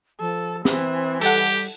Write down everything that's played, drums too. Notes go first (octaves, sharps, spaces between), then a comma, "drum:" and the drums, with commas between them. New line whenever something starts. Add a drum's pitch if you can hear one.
F3 A4
E3 C4, drum: snare
G3 G4 A4 F#5, drum: open hi-hat